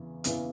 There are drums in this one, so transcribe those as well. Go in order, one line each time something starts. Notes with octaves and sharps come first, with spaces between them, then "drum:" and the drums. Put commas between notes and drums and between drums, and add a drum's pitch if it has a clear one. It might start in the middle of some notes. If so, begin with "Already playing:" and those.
Already playing: E2 C#3 E3
E2 C#3 E3, drum: hi-hat